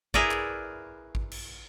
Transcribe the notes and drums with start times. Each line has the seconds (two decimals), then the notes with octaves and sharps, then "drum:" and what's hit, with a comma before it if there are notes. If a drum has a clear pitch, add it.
0.14 E4 G#4 A#4 B4 D5, drum: kick G#1
0.31 drum: clap
1.15 drum: kick G#1
1.32 drum: cymbal